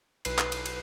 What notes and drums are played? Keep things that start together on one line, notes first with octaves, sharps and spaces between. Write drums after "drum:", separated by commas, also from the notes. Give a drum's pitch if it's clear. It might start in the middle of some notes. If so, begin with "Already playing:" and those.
B1 B4 C7, drum: cymbal
drum: clap
drum: cymbal
drum: cymbal